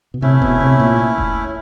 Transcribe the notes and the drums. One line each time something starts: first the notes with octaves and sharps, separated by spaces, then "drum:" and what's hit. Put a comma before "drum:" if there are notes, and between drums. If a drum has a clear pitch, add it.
B2
C3 A3 C#4 E4
B2, drum: kick E1
C3
A#2
drum: kick E1